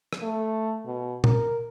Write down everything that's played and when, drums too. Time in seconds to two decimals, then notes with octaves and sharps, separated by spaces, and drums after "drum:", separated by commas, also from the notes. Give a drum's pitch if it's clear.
0.13 drum: rim click
0.22 A3
0.86 B2
1.24 A#4, drum: tom